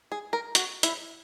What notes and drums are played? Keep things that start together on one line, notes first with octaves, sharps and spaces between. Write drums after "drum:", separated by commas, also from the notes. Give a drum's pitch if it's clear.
G#4
A#4
F#4, drum: hi-hat
E4, drum: hi-hat